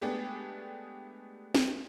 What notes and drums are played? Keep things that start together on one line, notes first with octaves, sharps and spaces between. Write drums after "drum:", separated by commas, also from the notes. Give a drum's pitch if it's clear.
G#3 A3 B3 D4 G4 G#4
drum: snare